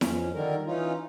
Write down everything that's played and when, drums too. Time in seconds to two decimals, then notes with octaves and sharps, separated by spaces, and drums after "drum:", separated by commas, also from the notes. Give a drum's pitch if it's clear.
0.01 F2 C#4, drum: snare E4
0.34 D3 D#3 G3 A#4
0.67 E3 C#4 D#4 F4